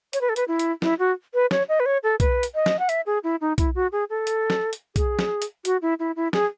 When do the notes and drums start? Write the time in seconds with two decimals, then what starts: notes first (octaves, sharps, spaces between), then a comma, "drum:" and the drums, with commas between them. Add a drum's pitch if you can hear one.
0.13 C#5, drum: hi-hat
0.21 B4
0.29 A4
0.36 B4, drum: hi-hat
0.48 E4
0.59 drum: hi-hat
0.82 E4, drum: snare
0.99 F#4
1.34 B4
1.51 C#5, drum: snare
1.69 D#5
1.80 B4
1.86 C#5
2.03 A4
2.20 B4, drum: kick B1, hi-hat
2.43 drum: hi-hat
2.55 D#5
2.66 drum: snare
2.79 F#5
2.89 E5, drum: hi-hat
3.06 G#4
3.24 E4
3.41 D#4
3.58 E4, drum: kick B1, hi-hat
3.75 F#4
3.92 G#4
4.10 A4
4.27 drum: hi-hat
4.50 drum: snare
4.73 drum: hi-hat
4.96 G#4, drum: kick B1, hi-hat
5.19 drum: snare
5.42 drum: hi-hat
5.65 F#4, drum: hi-hat
5.82 E4
5.99 E4
6.16 E4
6.33 G#4, drum: snare